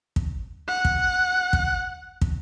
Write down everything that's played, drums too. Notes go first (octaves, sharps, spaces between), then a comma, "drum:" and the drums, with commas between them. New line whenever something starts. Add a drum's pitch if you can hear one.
drum: kick
F#5
drum: kick
drum: kick
drum: kick